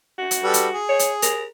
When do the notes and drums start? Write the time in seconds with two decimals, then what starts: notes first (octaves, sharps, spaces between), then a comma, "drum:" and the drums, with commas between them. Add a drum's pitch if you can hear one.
0.18 F#4
0.31 drum: hi-hat
0.44 G3 A4 B4
0.54 drum: hi-hat
0.73 G#4
0.89 C#5
0.99 drum: hi-hat
1.22 A#4, drum: hi-hat